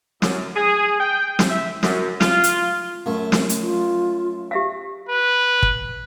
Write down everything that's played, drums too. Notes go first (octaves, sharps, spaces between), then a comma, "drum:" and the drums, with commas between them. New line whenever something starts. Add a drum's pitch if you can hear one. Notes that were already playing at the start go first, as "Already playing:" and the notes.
F#2, drum: snare
G#4
G5
drum: snare
E5
F#2, drum: snare
F4, drum: snare
drum: hi-hat
F#2 A3
drum: snare
drum: hi-hat
F4
G4 E5 F5
B4
drum: kick